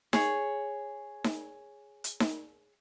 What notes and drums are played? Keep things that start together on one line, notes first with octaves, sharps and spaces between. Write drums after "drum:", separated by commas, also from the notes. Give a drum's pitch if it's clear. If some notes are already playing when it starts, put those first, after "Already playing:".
G#4 C#5, drum: snare D#4
drum: snare D#4
drum: hi-hat
drum: snare D#4